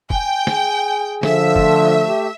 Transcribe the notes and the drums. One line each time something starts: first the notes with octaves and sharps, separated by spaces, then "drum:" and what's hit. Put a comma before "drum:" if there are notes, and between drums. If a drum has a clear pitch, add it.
G5 G#5, drum: kick
G#4, drum: snare
D3 F3 A4 E5, drum: snare
A3, drum: kick
G4